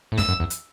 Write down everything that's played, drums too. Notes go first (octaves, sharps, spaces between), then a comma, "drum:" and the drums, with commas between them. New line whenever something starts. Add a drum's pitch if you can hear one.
A2
G2 E6, drum: snare
F#2
E2
drum: hi-hat